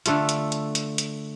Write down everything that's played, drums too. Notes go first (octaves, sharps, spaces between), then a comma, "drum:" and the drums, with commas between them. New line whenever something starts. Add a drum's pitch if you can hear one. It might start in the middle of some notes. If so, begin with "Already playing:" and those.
D3 A3 F4, drum: hi-hat
drum: hi-hat
drum: hi-hat
drum: hi-hat
drum: hi-hat